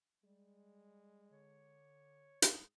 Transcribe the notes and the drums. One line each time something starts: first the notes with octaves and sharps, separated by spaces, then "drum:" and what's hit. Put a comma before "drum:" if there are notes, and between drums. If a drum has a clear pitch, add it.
G3 G#3
D3 C#5
G#2 G#4, drum: hi-hat